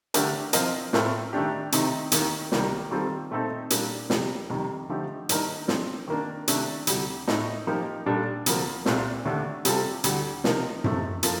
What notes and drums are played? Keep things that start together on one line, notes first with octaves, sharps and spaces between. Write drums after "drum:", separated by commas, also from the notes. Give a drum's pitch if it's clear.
D3 A3 D4 G4 A#4, drum: hi-hat
F3 C4 F4 A#4 D#5, drum: hi-hat
A2 A3 C4 F4 A#4, drum: snare
D#3 A3 D4 G4
C3 D#3 A3 C4 D#4, drum: hi-hat
D#2 D#3 A#3 D#4, drum: hi-hat
C2 C3 D#3 G3 A#3, drum: snare
D#3 G3 C4 F4 A4
A#2 A3 C4 D#4 A4
A#2 G3 A#3 D4, drum: hi-hat
F2 C3 G3, drum: snare
F2 C3 D#3 G3
D3 F3 A3 D#4 G4
G2 D#3 A#3 D#4 A#4, drum: hi-hat
G2 F3 C4, drum: snare
D#3 A#3 D4
C3 D#3 A3 D4, drum: hi-hat
D2 C3 G3, drum: hi-hat
A2 A3 D#4, drum: snare
F3 A#3 D#4 G4
A#2 G3 D4 A4
D2 C3 F3 A#3, drum: hi-hat
C2 A#2 A3 C4, drum: snare
D#2 D3 A3 D4
C3 G3 C4 F4 A4, drum: hi-hat
D2 D3 G3, drum: hi-hat
C3 F3 A#3 D#4 A#4, drum: snare
C3 F3 A3, drum: tom F#2
F3 A#3 F4 A4, drum: hi-hat